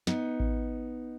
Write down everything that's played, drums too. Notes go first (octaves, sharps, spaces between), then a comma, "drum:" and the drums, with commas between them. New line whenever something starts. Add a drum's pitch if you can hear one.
B3 D#4, drum: snare
drum: kick A1